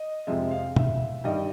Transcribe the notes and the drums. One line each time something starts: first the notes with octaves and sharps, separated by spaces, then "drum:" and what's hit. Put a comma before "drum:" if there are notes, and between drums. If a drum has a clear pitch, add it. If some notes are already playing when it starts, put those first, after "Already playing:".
Already playing: D#5
F2 C3 F3 G#3 E5
F5
E5, drum: tom
G2 D#3 G3 D#5